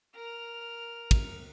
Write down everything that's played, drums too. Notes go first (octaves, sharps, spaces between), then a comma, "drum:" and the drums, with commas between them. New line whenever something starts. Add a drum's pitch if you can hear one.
A#4 F6
drum: kick, cymbal